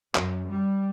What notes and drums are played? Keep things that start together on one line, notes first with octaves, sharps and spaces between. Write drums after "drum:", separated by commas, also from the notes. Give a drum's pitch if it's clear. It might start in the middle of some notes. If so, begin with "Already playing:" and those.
F#2, drum: clap
G3